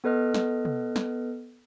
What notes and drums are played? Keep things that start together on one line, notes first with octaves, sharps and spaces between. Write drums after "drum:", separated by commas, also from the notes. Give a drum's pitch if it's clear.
B3 A4 B4 D#5 F6
drum: snare
drum: tom
drum: snare